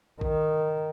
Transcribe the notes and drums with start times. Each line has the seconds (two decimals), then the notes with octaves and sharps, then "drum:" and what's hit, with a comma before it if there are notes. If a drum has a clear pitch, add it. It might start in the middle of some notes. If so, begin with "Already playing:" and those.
0.21 D#3, drum: kick